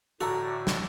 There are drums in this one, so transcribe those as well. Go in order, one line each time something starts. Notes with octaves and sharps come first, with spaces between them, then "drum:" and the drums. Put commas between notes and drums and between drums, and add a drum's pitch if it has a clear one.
A2 D3 F#4 A4 E5 A#5
drum: snare